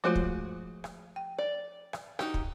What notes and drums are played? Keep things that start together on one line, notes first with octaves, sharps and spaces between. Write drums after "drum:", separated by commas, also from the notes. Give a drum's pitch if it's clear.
F3 G#3 A3 F4 F#4 C5
drum: kick
drum: rim click
G5
D5
drum: rim click
D#4 F#4 G4, drum: rim click
drum: kick